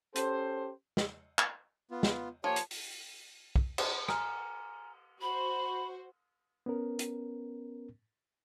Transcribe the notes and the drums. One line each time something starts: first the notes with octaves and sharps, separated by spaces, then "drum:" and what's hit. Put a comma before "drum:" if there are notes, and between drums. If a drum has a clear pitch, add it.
C#4 G4 A4 C5, drum: hi-hat
drum: snare
drum: clap
B3 F4
drum: snare
F3 A#3 G4 C#5
drum: hi-hat
drum: open hi-hat
drum: kick
drum: cymbal
G#5 A#5 F6, drum: rim click
F#4 C5 B5
B3 C#4 A#4
drum: hi-hat